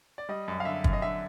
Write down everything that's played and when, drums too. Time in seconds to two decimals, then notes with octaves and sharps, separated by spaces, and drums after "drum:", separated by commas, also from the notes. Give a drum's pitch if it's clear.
0.18 D5
0.29 G3 D#5
0.48 F#2
0.60 F5
0.65 D3 E5
0.84 F#2, drum: kick
0.93 D#5
1.02 D3 E5